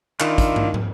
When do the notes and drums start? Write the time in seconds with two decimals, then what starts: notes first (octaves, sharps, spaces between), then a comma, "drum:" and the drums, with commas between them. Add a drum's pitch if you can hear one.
0.20 D#3 D4 E4 F4, drum: clap
0.38 drum: kick, hi-hat
0.56 drum: tom
0.74 drum: tom